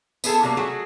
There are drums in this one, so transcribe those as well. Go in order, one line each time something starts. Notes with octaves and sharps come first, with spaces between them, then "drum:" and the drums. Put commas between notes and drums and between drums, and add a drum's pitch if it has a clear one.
B3 E4 G#4 A4, drum: tambourine
C3 F#3 G3 A#3
F#3 A3 F#4 G#4